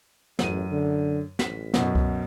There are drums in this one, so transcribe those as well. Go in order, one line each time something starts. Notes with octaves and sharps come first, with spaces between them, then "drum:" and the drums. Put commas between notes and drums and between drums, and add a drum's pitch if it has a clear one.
A1 F#2 D#7, drum: snare
D3
A1 B6, drum: snare
F#2 B2, drum: snare
drum: kick C2